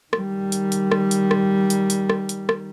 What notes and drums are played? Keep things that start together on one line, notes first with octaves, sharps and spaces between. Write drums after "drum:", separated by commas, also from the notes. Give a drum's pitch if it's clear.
D#3 G3, drum: rim click
drum: hi-hat
drum: hi-hat
drum: rim click
drum: hi-hat
drum: rim click
drum: hi-hat
drum: hi-hat
drum: rim click
drum: hi-hat
drum: rim click